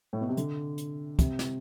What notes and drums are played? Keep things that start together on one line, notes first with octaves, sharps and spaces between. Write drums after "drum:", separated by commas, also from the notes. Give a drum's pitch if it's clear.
A2
B2
C3
D3, drum: hi-hat
drum: hi-hat
C3, drum: kick, hi-hat
drum: snare